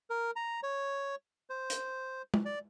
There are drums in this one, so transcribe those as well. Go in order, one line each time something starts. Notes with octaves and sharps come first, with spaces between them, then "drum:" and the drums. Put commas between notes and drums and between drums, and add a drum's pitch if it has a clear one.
A#4
A#5
C#5
C5
drum: hi-hat
drum: tom
D5